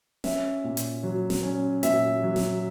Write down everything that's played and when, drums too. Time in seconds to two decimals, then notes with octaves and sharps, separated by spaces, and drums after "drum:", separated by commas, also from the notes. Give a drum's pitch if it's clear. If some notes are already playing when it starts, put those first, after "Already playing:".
0.24 C#4 E5, drum: snare
0.64 A#2
0.77 drum: hi-hat
1.03 F#3
1.30 drum: snare
1.43 C#4
1.83 A#2 E5, drum: hi-hat
2.23 F#3
2.36 drum: snare